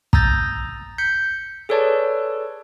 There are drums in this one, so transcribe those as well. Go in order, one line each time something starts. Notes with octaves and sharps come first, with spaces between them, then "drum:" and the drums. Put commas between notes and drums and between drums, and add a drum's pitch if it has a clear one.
A#5 D#6 E6 G6 A6 A#6, drum: kick
G6 B6 C#7
G#4 A4 B4 C#5 D5 A5